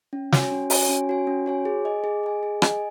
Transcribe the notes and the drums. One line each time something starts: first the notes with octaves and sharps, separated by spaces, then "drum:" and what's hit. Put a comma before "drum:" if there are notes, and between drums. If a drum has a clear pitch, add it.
C#4
F#4 C#5 G#5, drum: snare
C#4
F#4 C#5 G#5, drum: open hi-hat
C#4
F#4 C#5 G#5
C#4
F#4 C#5 G#5
G#4
D#5 G#5
G#4
D#5 G#5
G#4
D#5 G#5, drum: rim click